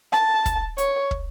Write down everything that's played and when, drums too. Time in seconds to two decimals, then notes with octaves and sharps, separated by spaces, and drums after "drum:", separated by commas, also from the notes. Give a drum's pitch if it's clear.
0.13 A5, drum: rim click
0.46 drum: kick, hi-hat
0.78 C#5, drum: hi-hat
1.11 drum: kick